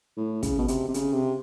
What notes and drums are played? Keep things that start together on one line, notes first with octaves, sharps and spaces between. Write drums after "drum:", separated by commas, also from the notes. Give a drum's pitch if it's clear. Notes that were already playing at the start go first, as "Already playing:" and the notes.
A2
C#3, drum: kick, hi-hat
B2
C3, drum: hi-hat
C3
C#3, drum: hi-hat
C3